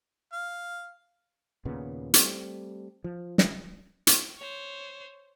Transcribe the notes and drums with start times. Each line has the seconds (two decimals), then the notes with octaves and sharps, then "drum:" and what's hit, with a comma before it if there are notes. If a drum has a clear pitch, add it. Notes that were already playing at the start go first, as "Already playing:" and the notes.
0.33 F5
1.65 D#2 A#2 C#3 B3
2.14 G3 A3 C4, drum: hi-hat
3.04 F3
3.38 drum: snare
4.07 drum: hi-hat
4.38 C5 C#5